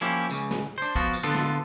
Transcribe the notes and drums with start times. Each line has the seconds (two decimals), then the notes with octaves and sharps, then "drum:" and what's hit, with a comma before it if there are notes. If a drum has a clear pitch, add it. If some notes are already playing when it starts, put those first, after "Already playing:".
0.01 F3 A#3 C#4 E4 G4
0.30 C#2 C#3, drum: tambourine
0.51 drum: snare
0.78 D4 C5
0.95 F3 B3 F4 F#4, drum: kick
1.13 drum: tambourine
1.23 D3 B3 D4 F4 A4
1.34 drum: snare